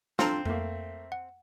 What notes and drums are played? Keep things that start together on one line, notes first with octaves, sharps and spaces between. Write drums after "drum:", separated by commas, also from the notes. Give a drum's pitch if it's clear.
F3 C4 D4 A4 F5 A#5 F6, drum: snare
A3 A#3 E5, drum: tom F2
F#5